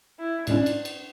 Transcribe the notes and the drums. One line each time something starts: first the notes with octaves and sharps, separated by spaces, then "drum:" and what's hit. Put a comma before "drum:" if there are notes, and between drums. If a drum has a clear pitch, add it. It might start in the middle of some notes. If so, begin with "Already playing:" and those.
E4
A2 G#3 C#4 D4 E4, drum: cymbal
drum: cymbal
drum: cymbal